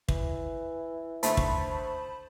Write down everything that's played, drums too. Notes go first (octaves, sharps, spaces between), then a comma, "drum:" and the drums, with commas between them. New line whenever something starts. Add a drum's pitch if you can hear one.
E3, drum: kick
D2 A3 C5 A5 B5, drum: hi-hat
drum: kick